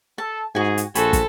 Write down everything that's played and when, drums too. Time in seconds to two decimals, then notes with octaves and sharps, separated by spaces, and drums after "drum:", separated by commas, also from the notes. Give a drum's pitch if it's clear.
0.18 A4 A5
0.55 G#2 F#4 G#4 G#5
0.78 drum: hi-hat
0.95 A#1 F#4 A4 C5 G#5 B5, drum: hi-hat
1.13 drum: kick, hi-hat